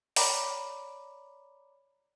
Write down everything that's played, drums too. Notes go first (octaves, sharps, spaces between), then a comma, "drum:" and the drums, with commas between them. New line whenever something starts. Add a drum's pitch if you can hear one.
C#5 D5 A#5 B5 D6, drum: open hi-hat